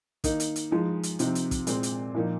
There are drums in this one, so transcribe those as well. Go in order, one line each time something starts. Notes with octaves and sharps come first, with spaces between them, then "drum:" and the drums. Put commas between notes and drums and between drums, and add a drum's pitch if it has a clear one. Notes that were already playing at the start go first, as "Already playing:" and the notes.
D#3 A#3 D#4, drum: kick, hi-hat
drum: hi-hat
drum: hi-hat
F3 G#3 D#4
drum: hi-hat
C3 F3 C4 D#4, drum: hi-hat
drum: hi-hat
drum: kick, hi-hat
A#2 G#3 C4, drum: hi-hat
drum: hi-hat
A#2 F3 A#3 D#4